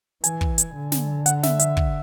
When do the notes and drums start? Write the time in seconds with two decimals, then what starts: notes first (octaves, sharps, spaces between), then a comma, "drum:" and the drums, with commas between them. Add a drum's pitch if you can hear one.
0.24 E3 G#5, drum: hi-hat
0.41 drum: kick
0.58 drum: hi-hat
0.75 D3
0.92 drum: snare
1.26 F#5, drum: hi-hat
1.43 E5, drum: snare
1.59 E5, drum: hi-hat
1.77 drum: kick